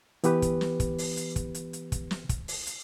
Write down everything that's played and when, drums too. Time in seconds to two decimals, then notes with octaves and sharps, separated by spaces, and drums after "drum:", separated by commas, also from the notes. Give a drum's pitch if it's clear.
0.24 E3 B3 G4 B4, drum: hi-hat
0.42 drum: kick, hi-hat
0.61 drum: snare
0.80 drum: kick, hi-hat
0.98 drum: open hi-hat
1.17 drum: hi-hat
1.36 drum: kick, hi-hat
1.55 drum: hi-hat
1.73 drum: hi-hat
1.92 drum: kick, hi-hat
2.11 drum: snare
2.29 drum: kick, hi-hat
2.48 drum: open hi-hat
2.67 drum: hi-hat